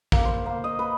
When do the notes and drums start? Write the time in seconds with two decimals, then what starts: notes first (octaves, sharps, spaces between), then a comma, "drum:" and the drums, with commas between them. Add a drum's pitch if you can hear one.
0.12 A#3, drum: kick
0.25 C5
0.46 A#3
0.64 D#5
0.79 B4